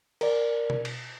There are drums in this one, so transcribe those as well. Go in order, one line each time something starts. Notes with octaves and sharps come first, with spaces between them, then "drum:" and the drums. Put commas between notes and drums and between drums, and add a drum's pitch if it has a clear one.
A#4 D5, drum: cymbal
drum: tom B2
drum: cymbal